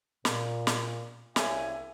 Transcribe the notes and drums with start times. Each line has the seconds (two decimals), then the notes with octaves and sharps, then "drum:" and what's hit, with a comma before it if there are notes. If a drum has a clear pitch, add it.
0.25 A#2, drum: snare
0.67 drum: snare
1.36 C2 C#3 E5 G#5, drum: snare